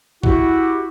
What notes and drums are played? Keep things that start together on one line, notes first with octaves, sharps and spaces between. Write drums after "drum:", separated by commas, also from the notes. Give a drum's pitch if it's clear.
E4 F#4 G4, drum: kick